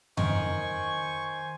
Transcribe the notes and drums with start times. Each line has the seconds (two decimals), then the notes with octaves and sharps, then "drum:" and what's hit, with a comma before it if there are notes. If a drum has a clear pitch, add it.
0.17 D#3 C5 G#5 C#6, drum: tom F2